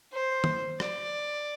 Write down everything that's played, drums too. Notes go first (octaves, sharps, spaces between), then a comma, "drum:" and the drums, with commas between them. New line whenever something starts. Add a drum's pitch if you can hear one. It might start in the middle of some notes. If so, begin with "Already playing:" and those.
C5
drum: tom D#3
D5, drum: rim click